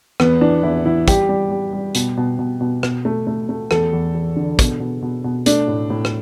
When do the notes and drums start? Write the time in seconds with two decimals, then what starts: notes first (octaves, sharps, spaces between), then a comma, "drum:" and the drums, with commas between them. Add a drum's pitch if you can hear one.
0.20 E2 B3, drum: rim click
0.41 E3 D4
0.63 E2 E4
0.85 E2 E4
1.08 G3 G4, drum: kick, hi-hat
1.29 G3
1.52 G3
1.73 G3
1.95 B2, drum: hi-hat
2.17 B2
2.39 B2
2.61 B2
2.83 B2, drum: rim click
3.05 A3
3.27 A3
3.49 A3
3.71 E2 A4, drum: rim click
3.93 E2
4.14 E2
4.36 D3
4.59 B2, drum: kick, hi-hat
4.80 B2
5.02 B2
5.24 B2
5.46 A3 D4, drum: hi-hat
5.68 A2
5.90 A2
6.05 drum: rim click